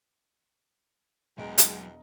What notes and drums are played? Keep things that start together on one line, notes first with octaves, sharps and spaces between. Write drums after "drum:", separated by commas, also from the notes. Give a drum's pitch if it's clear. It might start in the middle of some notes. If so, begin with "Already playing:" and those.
E1 E2 F#3 G#3 D#5 G5 A#5
drum: hi-hat